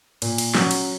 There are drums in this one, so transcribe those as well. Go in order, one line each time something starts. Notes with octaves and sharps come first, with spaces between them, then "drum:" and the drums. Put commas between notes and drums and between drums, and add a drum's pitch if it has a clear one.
A#2, drum: cymbal
drum: cymbal
F#3 C#4 F#4, drum: snare
drum: cymbal